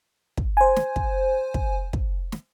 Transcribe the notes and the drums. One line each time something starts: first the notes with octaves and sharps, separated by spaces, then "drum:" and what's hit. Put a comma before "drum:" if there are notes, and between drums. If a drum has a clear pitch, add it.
drum: kick
C5 G#5
drum: snare
drum: kick
drum: kick
drum: kick
drum: snare